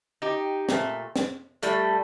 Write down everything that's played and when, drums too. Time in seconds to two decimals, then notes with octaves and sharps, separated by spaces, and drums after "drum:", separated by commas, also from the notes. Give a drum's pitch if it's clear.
0.22 D#4 G4
0.69 A#2 A3, drum: snare
1.16 drum: snare
1.62 A2 G3 A3, drum: hi-hat